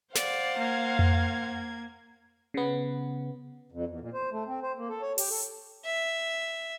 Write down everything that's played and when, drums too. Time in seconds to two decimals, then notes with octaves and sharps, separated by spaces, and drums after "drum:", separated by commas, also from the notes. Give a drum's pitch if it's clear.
0.15 C5 D5 F5 F#5, drum: snare
0.58 A#3 G#6
0.99 drum: tom F2
2.54 C#3 B3
3.72 F2
3.88 E2
4.01 A#2
4.14 C5
4.31 A3
4.47 C4
4.63 C5
4.77 A#3
4.89 A4
5.02 C#5
5.18 G4, drum: open hi-hat
5.30 A4
5.85 E5